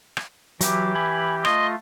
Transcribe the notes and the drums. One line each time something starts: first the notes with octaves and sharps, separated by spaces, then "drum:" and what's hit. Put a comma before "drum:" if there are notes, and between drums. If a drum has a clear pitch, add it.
drum: rim click
E3 F#3 G4 D6, drum: hi-hat
G#5 B5
A3 F4 D#5 C6, drum: rim click